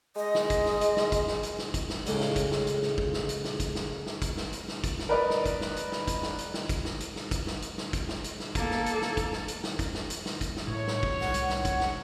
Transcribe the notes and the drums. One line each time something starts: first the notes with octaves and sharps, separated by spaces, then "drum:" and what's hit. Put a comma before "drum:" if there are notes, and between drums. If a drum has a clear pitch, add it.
G#3 D#5
drum: snare
drum: kick, hi-hat
drum: snare
drum: hi-hat
drum: snare
drum: kick, hi-hat
drum: snare
drum: hi-hat
drum: snare
drum: kick, hi-hat
drum: snare
C#2 A2 C#3, drum: hi-hat
drum: snare
drum: kick, hi-hat
drum: snare
drum: hi-hat
drum: snare
drum: kick
drum: snare
drum: hi-hat
drum: snare
drum: kick, hi-hat
drum: snare
drum: snare
drum: kick, hi-hat
drum: snare
drum: hi-hat
drum: snare
drum: kick, hi-hat
drum: snare
A#4 B4 D5 D#5
drum: snare
drum: kick, hi-hat
drum: snare
drum: hi-hat
drum: snare
drum: kick, hi-hat
drum: snare
drum: hi-hat
drum: snare
drum: kick, hi-hat
drum: snare
drum: hi-hat
drum: snare
drum: kick, hi-hat
drum: snare
drum: hi-hat
drum: snare
drum: kick, hi-hat
drum: snare
drum: hi-hat
drum: snare
A#3 A4, drum: kick, hi-hat
drum: snare
drum: hi-hat
drum: snare
drum: kick, hi-hat
drum: snare
drum: hi-hat
drum: snare
drum: kick, hi-hat
drum: snare
drum: hi-hat
drum: snare
drum: kick, hi-hat
drum: snare
A2 C#5
drum: snare
drum: kick
C2 F#5, drum: snare
drum: hi-hat
drum: snare
drum: kick, hi-hat
drum: snare